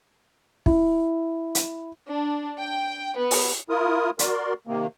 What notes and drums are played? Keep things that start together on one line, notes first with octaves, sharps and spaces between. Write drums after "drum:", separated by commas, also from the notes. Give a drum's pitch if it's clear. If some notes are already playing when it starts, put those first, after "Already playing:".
E4, drum: kick
drum: hi-hat
D4
G5
B3
drum: open hi-hat
E4 F4 A#4 D#6
F#4 A#4 D5 C6, drum: hi-hat
C3 D#3 A#3